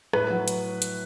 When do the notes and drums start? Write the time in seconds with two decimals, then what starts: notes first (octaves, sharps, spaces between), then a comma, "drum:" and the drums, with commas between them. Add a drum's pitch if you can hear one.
0.13 A2 B4, drum: rim click
0.30 F#3
0.48 drum: hi-hat
0.82 drum: hi-hat